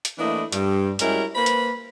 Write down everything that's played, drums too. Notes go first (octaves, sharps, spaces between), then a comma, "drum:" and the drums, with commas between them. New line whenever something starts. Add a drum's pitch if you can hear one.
drum: hi-hat
E3 A3 A#3 D4 E4 D#5
G2, drum: hi-hat
F#2 G3 G#3 C#4 E4 A#4, drum: hi-hat
A#3 B4 C5 B5
drum: hi-hat